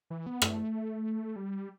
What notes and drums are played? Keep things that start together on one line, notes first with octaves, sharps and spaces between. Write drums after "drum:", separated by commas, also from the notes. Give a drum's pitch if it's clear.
E3
B3
A3, drum: rim click
G3